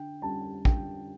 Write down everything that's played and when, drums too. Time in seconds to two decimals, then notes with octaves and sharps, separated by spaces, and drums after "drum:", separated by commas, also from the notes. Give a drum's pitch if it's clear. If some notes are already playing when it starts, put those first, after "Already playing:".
Already playing: D3 G5
0.22 G3 C#4 A5
0.65 D3 G5, drum: kick